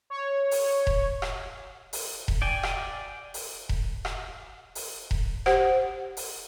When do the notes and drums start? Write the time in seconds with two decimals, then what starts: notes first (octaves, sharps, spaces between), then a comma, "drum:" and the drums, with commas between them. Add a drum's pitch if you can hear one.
0.10 C#5
0.51 drum: open hi-hat
0.87 drum: kick E1
1.22 drum: rim click
1.93 drum: open hi-hat
2.28 drum: kick E1
2.42 D5 G5 G#5
2.63 drum: rim click
3.34 drum: open hi-hat
3.69 drum: kick E1
4.05 drum: rim click
4.75 drum: open hi-hat
5.11 drum: kick E1
5.46 G4 C5 F#5, drum: rim click
6.17 drum: open hi-hat